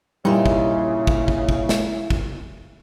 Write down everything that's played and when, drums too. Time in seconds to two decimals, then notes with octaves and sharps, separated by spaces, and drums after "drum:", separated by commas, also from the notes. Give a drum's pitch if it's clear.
0.25 A#2 C#3 G3 D#4 E4 E5
0.46 drum: kick
1.07 drum: kick
1.28 drum: kick
1.49 drum: kick
1.69 drum: snare
2.10 drum: kick